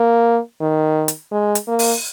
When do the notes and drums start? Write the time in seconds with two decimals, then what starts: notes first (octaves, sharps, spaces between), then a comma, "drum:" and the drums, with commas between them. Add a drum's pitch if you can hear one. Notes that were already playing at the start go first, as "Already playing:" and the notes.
Already playing: A#3
0.61 D#3
1.08 drum: hi-hat
1.31 G#3
1.55 drum: hi-hat
1.68 A#3
1.79 drum: open hi-hat